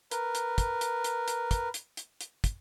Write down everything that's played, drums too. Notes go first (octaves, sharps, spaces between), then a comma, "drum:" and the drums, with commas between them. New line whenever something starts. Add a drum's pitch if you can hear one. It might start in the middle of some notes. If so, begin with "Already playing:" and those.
A#4 B4, drum: hi-hat
drum: hi-hat
drum: kick, hi-hat
drum: hi-hat
drum: hi-hat
drum: hi-hat
drum: kick, hi-hat
drum: hi-hat
drum: hi-hat
drum: hi-hat
drum: kick, hi-hat